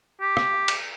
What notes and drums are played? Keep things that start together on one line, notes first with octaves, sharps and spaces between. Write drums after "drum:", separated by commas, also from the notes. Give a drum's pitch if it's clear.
G4
drum: rim click
drum: cymbal